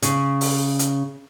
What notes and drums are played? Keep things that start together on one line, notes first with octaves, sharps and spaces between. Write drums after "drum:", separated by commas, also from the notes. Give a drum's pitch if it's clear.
C#3, drum: hi-hat
drum: open hi-hat
drum: hi-hat